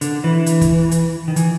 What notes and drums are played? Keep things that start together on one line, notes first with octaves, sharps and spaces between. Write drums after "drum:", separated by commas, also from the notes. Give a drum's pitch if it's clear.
D3, drum: hi-hat
E3
drum: hi-hat
drum: kick, hi-hat
drum: hi-hat
D#3
E3, drum: hi-hat